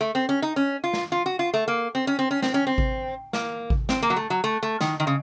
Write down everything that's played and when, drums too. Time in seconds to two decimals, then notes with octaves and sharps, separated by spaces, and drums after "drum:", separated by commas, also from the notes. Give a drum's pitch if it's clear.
0.01 A3
0.15 C4
0.29 C#4
0.42 D#4
0.56 C#4
0.84 F4
0.93 drum: snare
1.12 F4
1.26 F#4
1.39 F4
1.54 A3
1.68 A#3
1.95 C4
2.07 C#4
2.19 C4
2.31 C#4
2.42 C4, drum: snare
2.54 C#4
2.67 C4
2.78 drum: kick G#1
3.33 A#3, drum: snare
3.70 drum: kick G#1
3.89 C4, drum: snare
4.02 A#3
4.10 F#3
4.16 A3
4.30 F#3
4.44 A3
4.63 A3
4.81 D#3, drum: snare
5.00 D#3
5.07 C#3